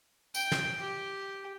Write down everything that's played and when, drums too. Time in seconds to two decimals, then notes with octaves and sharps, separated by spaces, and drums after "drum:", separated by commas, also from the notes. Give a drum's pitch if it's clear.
0.35 G5, drum: tambourine
0.52 drum: snare
0.79 G4